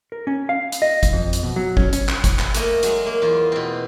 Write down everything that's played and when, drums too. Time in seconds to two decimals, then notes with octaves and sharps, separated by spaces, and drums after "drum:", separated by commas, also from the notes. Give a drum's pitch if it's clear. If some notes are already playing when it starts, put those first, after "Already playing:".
0.12 A#4
0.27 C#4
0.49 F5
0.72 drum: hi-hat
0.82 D#5
1.03 drum: kick G1, hi-hat
1.13 F2
1.33 drum: hi-hat
1.43 B2
1.56 F#3
1.77 C#4, drum: kick G1
1.93 C#4, drum: hi-hat
2.09 drum: clap
2.24 drum: kick G1, hi-hat
2.39 drum: clap
2.55 A3 A#3 D#5, drum: hi-hat
2.83 F#3 G#3, drum: hi-hat
3.06 A#3
3.22 E2 F4
3.52 B2 C4